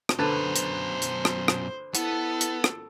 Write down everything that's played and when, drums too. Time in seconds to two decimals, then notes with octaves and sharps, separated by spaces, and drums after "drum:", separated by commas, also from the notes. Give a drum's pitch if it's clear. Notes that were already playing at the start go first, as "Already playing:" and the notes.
0.09 drum: rim click
0.19 F#2 B2 D3 B4 C5 A5
0.56 drum: hi-hat
1.02 drum: hi-hat
1.25 drum: rim click
1.48 drum: rim click
1.95 B3 E4 A4, drum: hi-hat
2.41 drum: hi-hat
2.64 drum: rim click